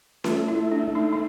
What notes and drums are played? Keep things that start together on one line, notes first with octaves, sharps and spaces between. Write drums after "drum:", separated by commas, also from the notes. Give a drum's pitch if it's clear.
A3 F4, drum: snare C#4
E4
A3
D4
A3
D#4
D#4